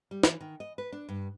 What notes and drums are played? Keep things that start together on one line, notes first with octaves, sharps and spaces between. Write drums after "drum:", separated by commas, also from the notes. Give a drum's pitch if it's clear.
G3
E3, drum: snare
D#3
D#5
B4
D4
G2